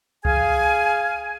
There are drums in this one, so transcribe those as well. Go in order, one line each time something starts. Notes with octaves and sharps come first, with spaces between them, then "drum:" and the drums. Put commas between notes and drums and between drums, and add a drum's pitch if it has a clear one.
G#4 F5 G#5, drum: kick C2